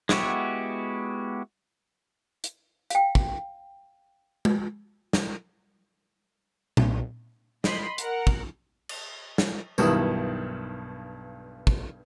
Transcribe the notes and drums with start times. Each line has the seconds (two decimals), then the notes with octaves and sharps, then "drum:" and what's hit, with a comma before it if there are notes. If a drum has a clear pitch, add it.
0.09 G#3 B3 E4 F#4 G4, drum: snare
2.44 drum: hi-hat
2.90 F5 G5, drum: hi-hat
3.15 drum: kick
4.45 drum: tom G#3
5.13 drum: snare
6.77 B1, drum: tom A#2
7.64 D#5 B5 C6, drum: snare
7.98 A#4 F#5, drum: hi-hat
8.27 drum: kick
8.89 drum: cymbal
9.38 drum: snare
9.78 B1 G2 D#3 E4 D#6, drum: tambourine
11.67 drum: kick